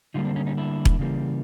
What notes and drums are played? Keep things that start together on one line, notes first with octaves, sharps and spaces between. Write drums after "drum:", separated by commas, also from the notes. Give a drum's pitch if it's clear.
D3 G3 A#3 D#4 F4
C4 D4
C#4 D#4
C#4 D#4
D4 E4
drum: kick E1
C#3 E3 G3 A#3